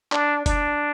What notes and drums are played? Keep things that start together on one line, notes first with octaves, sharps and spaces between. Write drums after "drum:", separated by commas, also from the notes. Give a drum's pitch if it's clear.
D4, drum: clap
D4, drum: kick, hi-hat